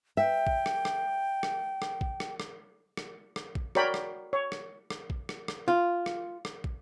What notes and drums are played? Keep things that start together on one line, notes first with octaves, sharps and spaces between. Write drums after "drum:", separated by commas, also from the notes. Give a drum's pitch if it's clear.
E5 G5
drum: kick
drum: rim click
drum: rim click
drum: rim click
drum: rim click
drum: kick
drum: rim click
drum: rim click
drum: rim click
drum: rim click
drum: kick
F#4 A#4 C#5 D5 G5 B5, drum: rim click
drum: rim click
C#5
drum: rim click
drum: rim click
drum: kick
drum: rim click
drum: rim click
F4
drum: rim click
drum: rim click
drum: kick